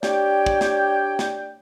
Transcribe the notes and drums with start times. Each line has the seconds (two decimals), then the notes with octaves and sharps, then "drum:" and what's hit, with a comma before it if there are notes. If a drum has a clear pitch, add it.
0.03 D4 G4 C#5 D5 G5, drum: snare
0.46 drum: kick
0.61 drum: snare
1.19 drum: snare